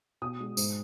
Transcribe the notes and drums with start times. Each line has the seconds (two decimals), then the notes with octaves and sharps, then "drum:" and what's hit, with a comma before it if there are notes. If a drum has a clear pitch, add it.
0.22 B2 D#6
0.40 G#3
0.57 G#2, drum: tambourine